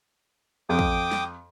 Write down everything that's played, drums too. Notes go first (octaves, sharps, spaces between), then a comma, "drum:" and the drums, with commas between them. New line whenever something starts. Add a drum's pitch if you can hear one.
F2 G5 D6 D#6
drum: kick
drum: snare